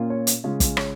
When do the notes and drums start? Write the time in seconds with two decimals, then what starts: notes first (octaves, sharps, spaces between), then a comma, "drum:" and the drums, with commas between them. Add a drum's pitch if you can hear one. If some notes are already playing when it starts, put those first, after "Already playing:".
Already playing: A#2 A#3 C#4 F4
0.10 C#5
0.27 drum: hi-hat
0.44 C#3 G#3 C#4 F4
0.60 drum: kick, hi-hat
0.77 C#5, drum: rim click